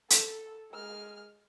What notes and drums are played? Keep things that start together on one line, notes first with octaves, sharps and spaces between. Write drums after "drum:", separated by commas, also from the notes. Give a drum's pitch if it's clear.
A4, drum: hi-hat
G#3 F6